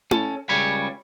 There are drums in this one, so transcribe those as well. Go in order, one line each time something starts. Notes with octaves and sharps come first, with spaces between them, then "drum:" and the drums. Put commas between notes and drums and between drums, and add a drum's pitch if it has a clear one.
C#4 A4, drum: tom E4
C#2 C#3 G3 C#5 B5